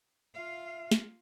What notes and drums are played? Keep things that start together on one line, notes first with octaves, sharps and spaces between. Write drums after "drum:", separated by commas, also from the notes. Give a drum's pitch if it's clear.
F4 E5 F5
drum: snare